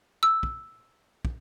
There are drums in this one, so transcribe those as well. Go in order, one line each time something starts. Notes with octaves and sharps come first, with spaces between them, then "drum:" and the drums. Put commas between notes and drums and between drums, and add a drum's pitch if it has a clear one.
E6
drum: kick
drum: kick